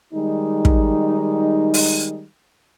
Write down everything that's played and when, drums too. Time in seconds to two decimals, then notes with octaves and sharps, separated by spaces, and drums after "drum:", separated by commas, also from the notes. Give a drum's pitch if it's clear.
0.14 D#3 G3 G#3 D#4
0.65 drum: kick
1.74 drum: open hi-hat